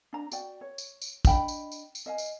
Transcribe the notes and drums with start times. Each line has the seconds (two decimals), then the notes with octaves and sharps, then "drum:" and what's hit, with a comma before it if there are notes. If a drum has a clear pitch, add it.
0.13 D4 A#5
0.32 F#4 D5 G5, drum: tambourine
0.61 C#5
0.78 drum: tambourine
1.02 drum: tambourine
1.25 D4 D#5 G5 B5, drum: kick, tambourine
1.48 drum: tambourine
1.72 drum: tambourine
1.95 drum: tambourine
2.06 D#5 F5 G#5
2.18 drum: tambourine